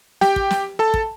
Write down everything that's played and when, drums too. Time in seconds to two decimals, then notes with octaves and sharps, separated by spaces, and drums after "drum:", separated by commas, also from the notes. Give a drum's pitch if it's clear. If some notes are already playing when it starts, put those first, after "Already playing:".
0.21 G4 G5, drum: snare
0.36 drum: kick
0.50 drum: snare
0.79 A4 A5
0.94 drum: kick